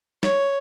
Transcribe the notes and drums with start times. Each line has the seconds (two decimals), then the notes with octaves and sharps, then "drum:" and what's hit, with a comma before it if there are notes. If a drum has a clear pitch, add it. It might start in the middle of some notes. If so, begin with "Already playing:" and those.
0.23 C#5, drum: snare